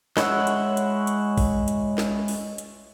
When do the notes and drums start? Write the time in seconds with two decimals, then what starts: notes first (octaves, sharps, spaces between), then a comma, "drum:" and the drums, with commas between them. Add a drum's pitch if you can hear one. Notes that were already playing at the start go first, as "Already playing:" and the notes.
0.17 G#3 E4 C#5 F#5 E6, drum: snare
0.47 drum: hi-hat
0.77 drum: hi-hat
1.07 drum: hi-hat
1.38 drum: kick, open hi-hat
1.68 drum: hi-hat
1.98 drum: snare
2.28 drum: open hi-hat
2.58 drum: hi-hat